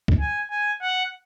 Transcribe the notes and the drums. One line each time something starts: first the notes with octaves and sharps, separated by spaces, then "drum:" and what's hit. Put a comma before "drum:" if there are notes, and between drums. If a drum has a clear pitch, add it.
drum: kick
G#5
G#5
F#5